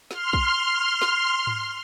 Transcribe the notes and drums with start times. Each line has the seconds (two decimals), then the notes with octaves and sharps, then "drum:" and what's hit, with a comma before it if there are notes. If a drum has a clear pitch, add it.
0.11 C6 F6, drum: snare
0.33 drum: kick
1.02 drum: snare
1.47 drum: tom G#2